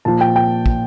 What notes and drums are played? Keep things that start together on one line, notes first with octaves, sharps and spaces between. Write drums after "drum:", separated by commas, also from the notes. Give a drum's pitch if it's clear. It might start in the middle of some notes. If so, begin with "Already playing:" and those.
A#2 F3 A5
G5
G5
drum: kick